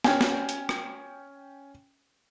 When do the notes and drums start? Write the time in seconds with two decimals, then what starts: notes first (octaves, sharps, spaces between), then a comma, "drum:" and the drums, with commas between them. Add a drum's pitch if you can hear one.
0.04 C#4 G5 G#5, drum: snare
0.21 drum: snare
0.49 drum: hi-hat
0.69 drum: rim click